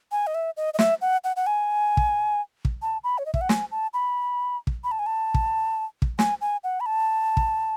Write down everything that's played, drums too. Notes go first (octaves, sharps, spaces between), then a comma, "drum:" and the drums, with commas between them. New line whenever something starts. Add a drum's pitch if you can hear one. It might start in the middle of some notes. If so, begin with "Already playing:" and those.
G#5
D#5
E5
D#5
D#5
E5, drum: snare
F#5
F#5
F#5
G#5
drum: kick
drum: kick
A5
B5
C#5
D#5
E5, drum: kick
F#5
G#5, drum: snare
A5
B5
drum: kick
B5
A5
G#5
A5
drum: kick
drum: kick
G#5, drum: snare
G#5
F#5
B5
A5
drum: kick